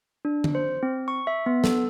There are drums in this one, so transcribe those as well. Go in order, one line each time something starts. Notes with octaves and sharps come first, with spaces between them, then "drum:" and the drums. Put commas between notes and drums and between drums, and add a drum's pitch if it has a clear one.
D4
drum: tom D3
C5
C4
C#6
E5
B3
A4, drum: snare